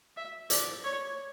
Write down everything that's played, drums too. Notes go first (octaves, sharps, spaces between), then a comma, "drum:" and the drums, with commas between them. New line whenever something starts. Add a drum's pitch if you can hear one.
E5
D5, drum: hi-hat
C#5